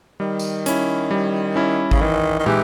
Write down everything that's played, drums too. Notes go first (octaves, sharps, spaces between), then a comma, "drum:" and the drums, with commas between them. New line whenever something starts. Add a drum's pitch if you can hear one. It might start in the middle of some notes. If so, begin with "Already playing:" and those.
D#3 G3
drum: tambourine
C#4 E4, drum: hi-hat
G3
C#4 E4
C#3, drum: kick G#1
D#3 E3
D#3
E3 G#3 D#4 G4, drum: tom